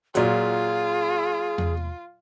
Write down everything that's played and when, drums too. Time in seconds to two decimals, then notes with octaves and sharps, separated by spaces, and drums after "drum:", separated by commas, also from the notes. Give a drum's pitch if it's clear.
0.15 A#2 F#3 F4 G#4, drum: hi-hat
1.58 drum: tom E2